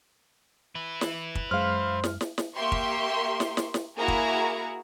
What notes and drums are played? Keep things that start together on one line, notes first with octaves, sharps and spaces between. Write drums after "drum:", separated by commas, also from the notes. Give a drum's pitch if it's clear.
E4 B4
drum: snare
drum: kick
F#2 G#3 C5 F5 F6
drum: snare
drum: snare
drum: snare
A#3 G4 E5 C6 C#6
drum: kick
drum: snare
drum: snare
drum: snare
A#3 E4 F#4 G#4 A#5 C#6
drum: kick